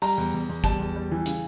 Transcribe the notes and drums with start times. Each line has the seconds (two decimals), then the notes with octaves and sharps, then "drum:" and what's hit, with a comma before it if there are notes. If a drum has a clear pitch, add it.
0.02 G3 A#5, drum: open hi-hat
0.18 E2
0.34 E2
0.49 E2
0.64 G3 A5, drum: kick, hi-hat
0.79 E2
0.95 G3
1.12 E3
1.26 C#3, drum: hi-hat